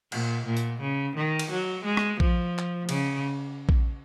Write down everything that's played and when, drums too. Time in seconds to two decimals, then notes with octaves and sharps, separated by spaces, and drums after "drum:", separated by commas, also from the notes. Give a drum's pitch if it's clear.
0.12 A#2, drum: cymbal
0.46 A#2
0.57 drum: hi-hat
0.81 C#3
1.16 D#3
1.39 drum: cymbal
1.51 F#3
1.85 G#3
1.97 drum: rim click
2.20 F3, drum: kick A#1
2.58 drum: clap
2.89 C#3, drum: cymbal
3.69 drum: kick A#1